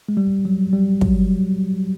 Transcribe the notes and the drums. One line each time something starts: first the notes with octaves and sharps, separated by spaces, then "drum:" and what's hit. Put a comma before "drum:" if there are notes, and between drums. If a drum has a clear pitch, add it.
G#3
G3
F#3
G3
F#3, drum: kick